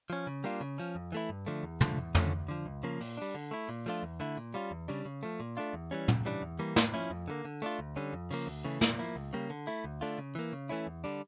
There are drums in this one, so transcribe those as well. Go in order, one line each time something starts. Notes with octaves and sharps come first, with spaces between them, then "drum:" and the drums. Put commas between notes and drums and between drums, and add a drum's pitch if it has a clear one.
F3 C#4
C#3
G3 A#3 D4 F4
C#3
F3 C#4
F2
E3 A3 E4
G2
D3 F3 A3
E2
D3 F3 A3, drum: tom
E2
D3 F3 A3 C#4, drum: tom
D2
D3 F3
C#2
C#3 F3 A#3
A#2, drum: open hi-hat
G3 D4
D3
A3 E4
A#2
F3 A3 D4 F4
E2
D3 A3 E4
A#2
G3 C#4 F4
E2
C#3 G3 D4
C#3
F3 A3
A#2
A3 D4 F4
E2
E3 G3 C#4
C#2, drum: tom
C#3 E3 G3 D4
E2
E3 G3 A#3
A2, drum: snare
F3 C#4 E4
F2
D3 G3 A#3
D3
A3 D4 F4
D2
D3 G3 C#4
F2
C#3 F3 A#3, drum: open hi-hat
D2
C#3 E3 A3
A#2, drum: snare
F3 A#3 E4
C#2
C#3 G3 A#3
D3
A3 E4
D2
D3 A3 D4 F4
C#3
E3 A#3
C#3
E3 A3 C#4 E4
E2
D3 G3 D4